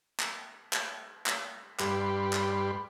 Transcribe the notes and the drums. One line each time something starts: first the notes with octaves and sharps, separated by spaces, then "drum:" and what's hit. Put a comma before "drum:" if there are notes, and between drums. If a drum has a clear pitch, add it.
drum: clap
drum: clap
drum: clap
G2 G3 G4 B4 B5 C6, drum: clap
drum: clap